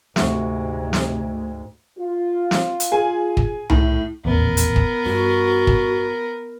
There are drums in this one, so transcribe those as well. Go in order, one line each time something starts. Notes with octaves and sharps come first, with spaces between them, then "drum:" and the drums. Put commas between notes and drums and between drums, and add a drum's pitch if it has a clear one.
D2 G#2 C3 A3 F#4, drum: snare
drum: snare
F4
drum: snare
drum: hi-hat
G#4 G#5
drum: kick
A2, drum: tom C2
D#1 A1 E2 B3 A#4
drum: hi-hat
drum: kick
G2 F#4
drum: kick